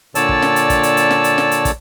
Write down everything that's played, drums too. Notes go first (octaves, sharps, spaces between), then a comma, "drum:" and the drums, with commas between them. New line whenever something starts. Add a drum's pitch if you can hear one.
A#2 D3 C#5 D5 A5 E6, drum: hi-hat
drum: kick
drum: snare
drum: hi-hat
drum: kick, hi-hat
drum: hi-hat
drum: hi-hat
drum: snare
drum: hi-hat
drum: snare
drum: hi-hat
drum: kick, hi-hat